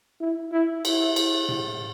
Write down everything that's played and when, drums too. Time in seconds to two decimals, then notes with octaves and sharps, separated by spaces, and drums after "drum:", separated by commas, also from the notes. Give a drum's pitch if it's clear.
0.20 E4
0.52 E4
0.85 E4, drum: cymbal
1.16 drum: cymbal
1.48 drum: tom A2